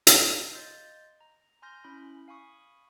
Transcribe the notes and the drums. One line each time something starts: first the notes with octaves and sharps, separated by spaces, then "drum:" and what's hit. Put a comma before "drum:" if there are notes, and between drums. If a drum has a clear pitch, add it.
drum: hi-hat
F5
D#5 C6 G6 A6
A#5
G#5 C6 F6 G6 A#6
C#4 E4 B5
F5 G#5 B5 C#6 D#6